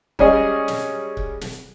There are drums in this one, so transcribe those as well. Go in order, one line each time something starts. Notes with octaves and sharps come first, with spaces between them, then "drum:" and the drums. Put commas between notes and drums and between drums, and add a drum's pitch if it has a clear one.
G3 G#3 C#4 G#4 D#5, drum: kick C#1
drum: snare
drum: kick C#1
drum: snare